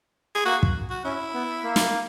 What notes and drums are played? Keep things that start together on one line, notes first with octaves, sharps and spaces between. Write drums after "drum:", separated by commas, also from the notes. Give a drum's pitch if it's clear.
G#4
A#3 F#4
drum: kick
F#4
C#4 E4
B3
A#3
drum: snare